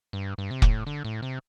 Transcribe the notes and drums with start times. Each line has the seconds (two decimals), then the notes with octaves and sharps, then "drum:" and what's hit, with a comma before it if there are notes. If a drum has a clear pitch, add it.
0.13 G2
0.38 G2
0.51 C3
0.62 A2, drum: kick
0.87 D3
1.05 A2
1.22 C3